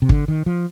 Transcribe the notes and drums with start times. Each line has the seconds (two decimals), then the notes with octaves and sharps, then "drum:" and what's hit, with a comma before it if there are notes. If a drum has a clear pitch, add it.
0.02 C3
0.09 D3, drum: kick
0.28 D#3
0.46 F3